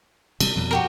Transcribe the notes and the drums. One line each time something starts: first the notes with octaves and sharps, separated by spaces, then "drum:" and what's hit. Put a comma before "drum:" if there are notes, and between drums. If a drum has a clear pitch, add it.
C3 G3, drum: cymbal
F2 B2
F#4 G4 A#4